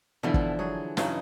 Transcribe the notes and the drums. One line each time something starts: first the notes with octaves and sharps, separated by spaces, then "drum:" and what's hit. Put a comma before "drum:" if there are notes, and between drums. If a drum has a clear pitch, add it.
B2 D3 E3 F3 E4
drum: kick
F#3 G#4
G2 C#3 E3 F#3 D#4 B5, drum: snare